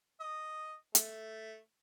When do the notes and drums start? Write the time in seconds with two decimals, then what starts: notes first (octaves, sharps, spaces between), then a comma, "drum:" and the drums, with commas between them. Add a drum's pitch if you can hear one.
0.20 D#5
0.95 A3, drum: hi-hat